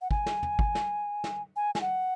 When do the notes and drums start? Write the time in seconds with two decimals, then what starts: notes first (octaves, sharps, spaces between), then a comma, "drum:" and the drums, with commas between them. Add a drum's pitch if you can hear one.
0.02 F#5
0.11 G#5, drum: kick
0.26 drum: snare
0.43 drum: tom
0.59 drum: kick
0.75 drum: snare
1.24 drum: snare
1.56 G#5
1.75 G#5, drum: snare
1.81 F#5